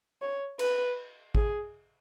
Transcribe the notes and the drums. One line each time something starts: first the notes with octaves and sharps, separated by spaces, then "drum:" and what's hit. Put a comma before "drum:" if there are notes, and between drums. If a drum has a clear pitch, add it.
C#5
B4, drum: cymbal
G#4, drum: kick G#1